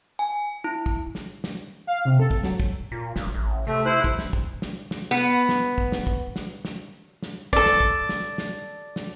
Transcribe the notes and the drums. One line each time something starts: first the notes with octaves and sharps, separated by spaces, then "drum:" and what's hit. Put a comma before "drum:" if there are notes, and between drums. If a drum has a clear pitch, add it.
G#5
E4
drum: kick
drum: snare
drum: snare
F5
C3
A4
drum: kick
F#3, drum: snare
drum: kick
A#2
F#1, drum: snare
A1
C3 A3
E4 C5 F#6
drum: kick
drum: snare
drum: kick
drum: snare
drum: snare
B3
drum: snare
drum: kick
drum: snare
drum: kick
drum: snare
drum: snare
drum: snare
A4 D5, drum: kick
drum: snare
drum: kick
drum: snare
drum: snare
drum: snare